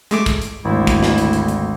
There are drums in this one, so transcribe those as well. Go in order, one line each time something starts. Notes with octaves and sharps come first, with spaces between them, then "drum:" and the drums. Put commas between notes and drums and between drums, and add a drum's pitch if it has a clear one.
G#3 A3 D6, drum: hi-hat
drum: kick, hi-hat
drum: hi-hat
G#1 D2 E4
drum: kick, hi-hat
drum: snare
drum: hi-hat
drum: hi-hat
drum: hi-hat